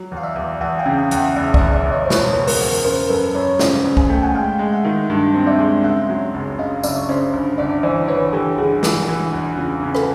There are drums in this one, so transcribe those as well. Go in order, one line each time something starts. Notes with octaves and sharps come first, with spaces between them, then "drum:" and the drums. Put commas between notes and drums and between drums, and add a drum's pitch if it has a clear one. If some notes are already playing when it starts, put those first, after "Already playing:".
Already playing: F#3
E2
F5
D5 E5
E2
E2 E5 F#5
F5 G5
C#3
F5 G5
E2, drum: hi-hat
E5 F#5
F#1 D5 E5
D5 E5, drum: kick
F#1
D5 E5
E2
C#5 D#5
C5
B2 B4 C#5, drum: snare
F#1
A#4 C5, drum: open hi-hat
E2
C#3 A#4 C5
F#2 A4 B4
F#2 B4 C#5
C#3 C5 D5, drum: snare
C#3
G#5, drum: kick
A3 G5
F#5 G#5
G#3 F5 G5
G#3
E5 F#5
D#3
G2
C4
D5 E5
G#3
C#3 E5 F#5
F#3
F#1
C#3 D#5 F5
F#1 D5 E5, drum: tambourine
C#5
C#3 C5 D5
G1
G1 D5 E5
E3 C5 D5
E3 B4 C#5
E3 G4 A4
G1 F#4 G#4
E3, drum: snare
E3
E2
C#3 F4
C#3
A4 B4, drum: rim click